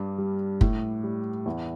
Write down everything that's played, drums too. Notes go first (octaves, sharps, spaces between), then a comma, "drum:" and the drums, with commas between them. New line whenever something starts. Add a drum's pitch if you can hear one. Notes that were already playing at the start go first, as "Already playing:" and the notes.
Already playing: G2 D4
G3
A2, drum: kick
G3
E2 E4